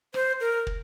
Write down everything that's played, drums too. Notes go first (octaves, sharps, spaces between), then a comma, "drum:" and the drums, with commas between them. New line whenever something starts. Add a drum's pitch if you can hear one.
C5, drum: rim click
A#4
drum: kick